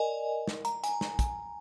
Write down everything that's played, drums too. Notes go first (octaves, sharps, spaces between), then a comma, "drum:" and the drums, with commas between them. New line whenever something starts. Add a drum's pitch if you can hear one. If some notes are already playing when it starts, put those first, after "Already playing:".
Already playing: A#4 D5 D#5 G#5
drum: snare
A#5, drum: hi-hat
G#5, drum: hi-hat
drum: snare
drum: kick, hi-hat